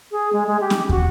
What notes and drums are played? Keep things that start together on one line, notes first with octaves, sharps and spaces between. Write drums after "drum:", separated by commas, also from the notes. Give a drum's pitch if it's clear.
G#4
G#3
G#3
G4
drum: snare C#4
F#4, drum: kick